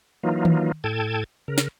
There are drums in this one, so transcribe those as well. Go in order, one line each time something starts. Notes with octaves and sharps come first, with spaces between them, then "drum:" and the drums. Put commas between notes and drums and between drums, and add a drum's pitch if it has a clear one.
E3 F#3 A#3 D#4 F4
drum: tom D#3
A2 A4 G5 A5 G#6
C#3 A#4
drum: snare